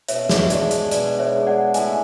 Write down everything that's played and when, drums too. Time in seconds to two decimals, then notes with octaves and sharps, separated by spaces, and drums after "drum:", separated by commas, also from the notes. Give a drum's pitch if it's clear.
0.09 B2 C#5 E5, drum: hi-hat
0.29 drum: snare
0.43 E5
0.50 G#3 D4 D5, drum: hi-hat
0.71 drum: hi-hat
0.91 B2 D5, drum: hi-hat
1.19 C#5 E5
1.33 G#3 D4
1.47 D5 F#5
1.74 A2 E5 G#5, drum: hi-hat